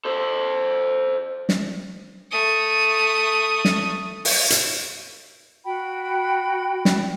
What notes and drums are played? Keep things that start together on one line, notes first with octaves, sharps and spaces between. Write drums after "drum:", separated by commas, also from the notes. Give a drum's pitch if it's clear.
A4 C5
drum: snare
A3 D#6
drum: snare
drum: open hi-hat
drum: hi-hat
F#4 G5 B5
drum: snare